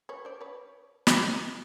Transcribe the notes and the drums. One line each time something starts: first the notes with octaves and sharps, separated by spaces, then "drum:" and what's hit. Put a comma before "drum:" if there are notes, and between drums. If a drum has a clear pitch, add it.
B4 C#5
C5 D5
B4 C#5
drum: snare